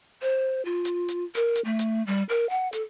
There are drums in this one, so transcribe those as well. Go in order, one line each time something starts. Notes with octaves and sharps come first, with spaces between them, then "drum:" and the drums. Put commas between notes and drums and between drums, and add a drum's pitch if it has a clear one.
C5
F4
drum: hi-hat
drum: hi-hat
A#4, drum: hi-hat
drum: hi-hat
A3
drum: hi-hat
G3
A#4
F#5
A4, drum: hi-hat